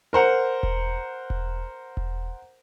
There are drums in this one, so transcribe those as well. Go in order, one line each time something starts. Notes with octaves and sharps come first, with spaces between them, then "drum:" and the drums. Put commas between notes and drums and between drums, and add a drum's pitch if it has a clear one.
A#4 C5 F#5 A#5
drum: kick E1
drum: kick E1
drum: kick E1